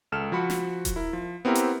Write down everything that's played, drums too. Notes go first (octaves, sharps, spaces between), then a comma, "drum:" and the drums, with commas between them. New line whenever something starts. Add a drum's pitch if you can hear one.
C#2 A4 F6 E7
F3 F#4 B5 C#7
drum: snare
drum: kick D#1, hi-hat
E4 A#4
F3
B3 C4 E4 G4 A#4
drum: hi-hat